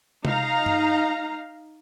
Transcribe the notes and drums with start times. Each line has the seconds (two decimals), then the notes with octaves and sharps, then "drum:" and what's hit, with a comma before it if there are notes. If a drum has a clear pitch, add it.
0.25 D#4 F5 A#5, drum: tom C3
0.66 drum: tom G2